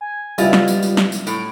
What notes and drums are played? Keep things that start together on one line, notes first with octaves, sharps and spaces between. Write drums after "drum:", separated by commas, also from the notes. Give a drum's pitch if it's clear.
G#5
C#2 B2 G3 E4 F4, drum: tambourine
drum: snare
drum: tambourine
drum: tambourine
drum: snare
drum: tambourine
A2 D7, drum: tambourine